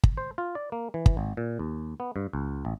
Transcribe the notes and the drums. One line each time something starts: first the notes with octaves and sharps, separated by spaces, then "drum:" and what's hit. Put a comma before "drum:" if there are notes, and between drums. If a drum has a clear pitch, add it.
drum: kick
C5
F4
D5
A#3
E3
drum: kick
G#1
A#2
D#2
B3
G2
C#2
A1